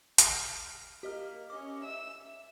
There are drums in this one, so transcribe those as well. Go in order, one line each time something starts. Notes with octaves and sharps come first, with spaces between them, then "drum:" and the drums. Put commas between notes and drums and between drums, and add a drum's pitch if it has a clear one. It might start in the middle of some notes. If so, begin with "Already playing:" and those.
F6 A#6, drum: hi-hat
A#3 G4 D#5 F6
C#4 D#5 D6
E5 E6
E5